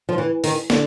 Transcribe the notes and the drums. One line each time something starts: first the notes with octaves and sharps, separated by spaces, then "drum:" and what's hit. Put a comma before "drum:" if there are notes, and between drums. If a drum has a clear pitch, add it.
F3
E3
D#3, drum: open hi-hat
D3, drum: snare